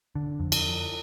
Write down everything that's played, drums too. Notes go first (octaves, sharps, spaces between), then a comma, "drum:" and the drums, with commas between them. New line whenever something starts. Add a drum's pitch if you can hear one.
D3
F2
drum: cymbal